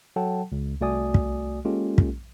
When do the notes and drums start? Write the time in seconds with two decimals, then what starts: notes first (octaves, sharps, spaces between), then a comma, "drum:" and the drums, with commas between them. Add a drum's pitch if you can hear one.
0.16 F#3 A4 F#5 G5 A5
0.52 C#2
0.81 C2 A3 F#4 D5 G#5 D#6
1.14 drum: kick
1.65 G#3 A#3 C#4 F4 G4 A4
1.98 drum: kick